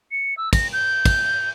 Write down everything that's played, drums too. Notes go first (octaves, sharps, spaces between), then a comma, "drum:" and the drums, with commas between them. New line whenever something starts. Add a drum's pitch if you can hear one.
C#7
E6
A#6, drum: kick, cymbal
G6
drum: kick, cymbal